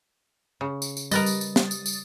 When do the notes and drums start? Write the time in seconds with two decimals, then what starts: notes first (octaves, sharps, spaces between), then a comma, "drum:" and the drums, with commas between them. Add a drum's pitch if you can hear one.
0.61 C#3
0.82 drum: tambourine
0.97 drum: tambourine
1.11 G3 A#4 B4 D#5 D#6 A6, drum: tambourine
1.26 drum: tambourine
1.41 drum: tambourine
1.56 drum: snare
1.71 drum: tambourine
1.86 drum: tambourine